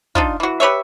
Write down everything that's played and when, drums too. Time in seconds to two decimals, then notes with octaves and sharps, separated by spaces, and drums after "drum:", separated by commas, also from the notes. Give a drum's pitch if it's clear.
0.15 D4 D#4 F4, drum: kick
0.40 E3 F#4
0.60 G4 B4 C#5 E5